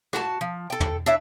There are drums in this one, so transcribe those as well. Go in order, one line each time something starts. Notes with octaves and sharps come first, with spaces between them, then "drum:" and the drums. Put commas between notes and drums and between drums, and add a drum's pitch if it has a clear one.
F#4 A5, drum: rim click
F3
A4 G5
drum: tom
D4 E4 C#5 E5